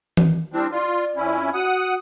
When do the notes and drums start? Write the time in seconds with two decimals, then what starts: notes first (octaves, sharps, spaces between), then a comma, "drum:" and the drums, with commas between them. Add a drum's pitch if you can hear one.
0.17 drum: tom E3
0.53 G3 C4 D4 E4
0.72 F4 D5
1.16 F2 C#4 E4
1.54 F#4 F#5 D#6